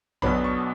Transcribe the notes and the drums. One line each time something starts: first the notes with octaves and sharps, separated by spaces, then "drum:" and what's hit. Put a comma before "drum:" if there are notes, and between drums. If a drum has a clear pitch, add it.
B1 B2 F#3 B3 D4 B5, drum: tom A#1
C#6